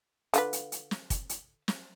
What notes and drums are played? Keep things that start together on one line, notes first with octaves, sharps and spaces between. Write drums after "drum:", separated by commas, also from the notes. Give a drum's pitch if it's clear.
D3 F4 B4, drum: hi-hat
drum: hi-hat
drum: hi-hat
drum: snare
drum: kick, hi-hat
drum: hi-hat
drum: snare